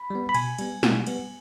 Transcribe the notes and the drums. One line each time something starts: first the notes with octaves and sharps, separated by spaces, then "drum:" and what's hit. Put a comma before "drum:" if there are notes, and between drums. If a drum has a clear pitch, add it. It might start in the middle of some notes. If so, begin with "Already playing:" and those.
Already playing: B5
G3 B3
B5
B2 G#5, drum: cymbal
G3 B3, drum: cymbal
B2, drum: snare
G3 B3, drum: cymbal